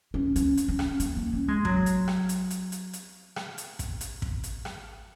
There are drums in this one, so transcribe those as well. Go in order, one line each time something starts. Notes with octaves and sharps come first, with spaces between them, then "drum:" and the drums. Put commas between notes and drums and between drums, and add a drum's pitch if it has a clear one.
C#4
C#4, drum: hi-hat
drum: hi-hat
C#4
drum: rim click
A#3, drum: hi-hat
A#3
C#4
G#3
F#3, drum: kick
drum: hi-hat
drum: rim click
drum: hi-hat
drum: hi-hat
drum: hi-hat
drum: hi-hat
drum: rim click
drum: hi-hat
drum: kick, hi-hat
drum: hi-hat
drum: kick
drum: hi-hat
drum: rim click